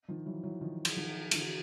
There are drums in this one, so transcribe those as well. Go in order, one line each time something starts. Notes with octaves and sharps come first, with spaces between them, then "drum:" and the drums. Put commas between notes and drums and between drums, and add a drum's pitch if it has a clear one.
D#3 F3
E3 F#3
E3 F#3
D#3 F3
drum: cymbal
D#3 F3
D3 E3, drum: cymbal